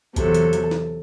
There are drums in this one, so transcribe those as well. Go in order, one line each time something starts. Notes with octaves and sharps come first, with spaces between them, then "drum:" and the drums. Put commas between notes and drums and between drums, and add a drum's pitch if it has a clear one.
E2 C3 F#3 A4, drum: kick F#1, hi-hat
drum: hi-hat
drum: hi-hat
drum: snare